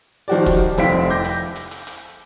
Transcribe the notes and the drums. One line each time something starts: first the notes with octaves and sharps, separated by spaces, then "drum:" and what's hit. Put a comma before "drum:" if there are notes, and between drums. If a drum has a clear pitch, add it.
D#3 F3 G3 F#4 G4 D5
drum: kick, hi-hat
F1 C4 E4 F5 B6 D7, drum: hi-hat
D6 G6 A#6
drum: hi-hat
drum: hi-hat
drum: hi-hat
drum: hi-hat